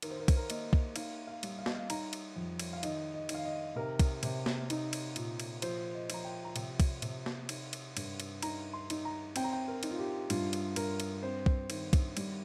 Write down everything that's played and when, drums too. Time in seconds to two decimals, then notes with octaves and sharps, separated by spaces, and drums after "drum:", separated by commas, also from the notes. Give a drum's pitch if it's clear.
0.02 D#3 A#4, drum: cymbal
0.11 C5
0.20 A#4
0.28 C5, drum: kick B1, cymbal
0.37 A#4
0.50 A#3 D#5, drum: cymbal
0.73 drum: kick B1
0.96 D#4 F5, drum: cymbal
1.27 F5
1.43 G3, drum: cymbal
1.59 F5
1.66 D#5, drum: snare A#3
1.75 F5
1.90 D#4 A#5, drum: cymbal
2.13 drum: cymbal
2.36 F2
2.59 drum: cymbal
2.73 F5
2.83 D#3 D#5, drum: cymbal
3.14 D#5
3.29 D#3, drum: cymbal
3.35 F5
3.45 D#5
3.76 C3 A#4
4.00 drum: kick B1, cymbal
4.23 C3, drum: cymbal
4.46 drum: snare A#3
4.70 D#4, drum: cymbal
4.93 drum: cymbal
5.16 A#2, drum: cymbal
5.40 drum: cymbal
5.62 F3 C5, drum: cymbal
5.94 D#5
6.10 F3 A#5, drum: cymbal
6.24 G5
6.45 A#5
6.56 C3 G5, drum: cymbal
6.80 drum: kick B1, cymbal
7.02 C3, drum: cymbal
7.26 drum: snare A#3
7.49 D#4, drum: cymbal
7.73 drum: cymbal
7.97 G2, drum: cymbal
8.20 drum: cymbal
8.42 D#4 A#5, drum: cymbal
8.73 C6
8.90 D#4, drum: cymbal
9.05 A#5
9.36 C4 G5, drum: cymbal
9.44 A#5
9.53 G5
9.68 A#4
9.83 D#4, drum: cymbal
9.91 F4
9.99 G4
10.30 G2 F4, drum: cymbal
10.53 drum: cymbal
10.76 G2 A#4, drum: cymbal
11.00 drum: cymbal
11.23 C4 C5
11.46 drum: kick B1
11.70 D#3, drum: cymbal
11.93 drum: kick B1, cymbal
12.17 G3, drum: cymbal